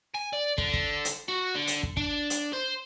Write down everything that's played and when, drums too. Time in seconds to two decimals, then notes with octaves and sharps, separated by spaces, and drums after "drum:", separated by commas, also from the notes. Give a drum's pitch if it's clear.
0.14 G#5
0.33 D5
0.58 D3, drum: kick
0.74 drum: kick
1.05 drum: hi-hat
1.28 F#4
1.55 D3
1.67 drum: hi-hat
1.83 drum: kick
1.97 D4, drum: kick
2.30 drum: hi-hat
2.53 C5